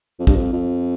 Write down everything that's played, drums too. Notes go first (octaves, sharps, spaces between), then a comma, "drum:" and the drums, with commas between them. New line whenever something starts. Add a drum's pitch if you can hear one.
F2
G2, drum: kick
F2
F2